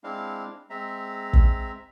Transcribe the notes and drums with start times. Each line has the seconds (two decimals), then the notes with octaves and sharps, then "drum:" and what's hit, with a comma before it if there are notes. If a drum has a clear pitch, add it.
0.04 G#3 C4 D4 E4 F5
0.70 G#3 C4 E5 A#5
1.33 drum: kick